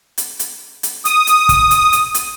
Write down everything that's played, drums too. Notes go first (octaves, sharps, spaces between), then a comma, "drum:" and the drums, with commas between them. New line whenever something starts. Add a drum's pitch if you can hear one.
drum: hi-hat
drum: hi-hat
drum: hi-hat
D#6, drum: hi-hat
drum: hi-hat
drum: kick, hi-hat
drum: hi-hat
drum: hi-hat
drum: hi-hat